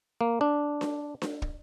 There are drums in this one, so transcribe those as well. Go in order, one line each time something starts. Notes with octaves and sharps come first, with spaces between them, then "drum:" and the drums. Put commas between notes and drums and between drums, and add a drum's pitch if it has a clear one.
A#3
D4
drum: snare D4
drum: snare D4
drum: kick